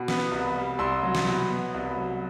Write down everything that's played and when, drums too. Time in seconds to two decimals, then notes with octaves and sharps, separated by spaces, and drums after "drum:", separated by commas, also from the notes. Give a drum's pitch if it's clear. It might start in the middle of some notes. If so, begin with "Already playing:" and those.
Already playing: B2
0.08 B3, drum: snare
0.31 C2
0.56 G3
0.79 C2 C6 E6
1.03 F#3
1.15 drum: snare
1.26 B2
1.50 B3
1.74 C2
1.97 F#3